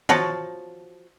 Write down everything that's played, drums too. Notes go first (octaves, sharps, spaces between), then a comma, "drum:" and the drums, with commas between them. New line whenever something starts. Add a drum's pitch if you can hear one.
F3 F#4 C#5 A5, drum: tom